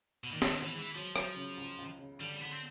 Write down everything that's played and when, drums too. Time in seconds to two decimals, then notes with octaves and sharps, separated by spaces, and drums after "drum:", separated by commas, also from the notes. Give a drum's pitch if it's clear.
0.24 B2
0.31 A#2 D#3
0.42 B2, drum: snare
0.47 C3 B3
0.64 E3
0.74 E3 G#3
0.95 F3 F#3
1.16 F#3, drum: rim click
1.36 C#3
1.57 C#2
1.78 C#2
1.99 C#3
2.20 D3 G3
2.41 D3 B3
2.52 C4